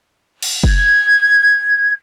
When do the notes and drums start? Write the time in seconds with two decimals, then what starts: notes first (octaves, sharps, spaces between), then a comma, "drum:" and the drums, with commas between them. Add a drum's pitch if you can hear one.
0.43 drum: cymbal
0.64 G#6, drum: kick